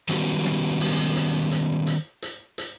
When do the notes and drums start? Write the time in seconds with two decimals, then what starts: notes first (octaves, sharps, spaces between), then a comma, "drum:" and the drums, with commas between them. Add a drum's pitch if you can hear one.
0.09 D#3 G3 B3 C#4 F#4, drum: hi-hat
0.45 drum: snare
0.80 drum: open hi-hat
1.16 drum: hi-hat
1.51 drum: hi-hat
1.87 drum: hi-hat
2.22 drum: hi-hat
2.58 drum: hi-hat